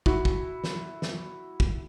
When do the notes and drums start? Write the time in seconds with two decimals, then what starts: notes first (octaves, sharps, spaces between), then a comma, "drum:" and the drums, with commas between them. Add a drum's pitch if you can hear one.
0.06 E4 F#4, drum: kick
0.25 drum: kick
0.64 drum: snare
1.02 drum: snare
1.60 drum: kick